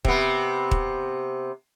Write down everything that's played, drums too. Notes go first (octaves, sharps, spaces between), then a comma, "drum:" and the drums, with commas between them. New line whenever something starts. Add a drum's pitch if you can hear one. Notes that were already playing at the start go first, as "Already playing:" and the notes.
C3 B3, drum: kick
drum: kick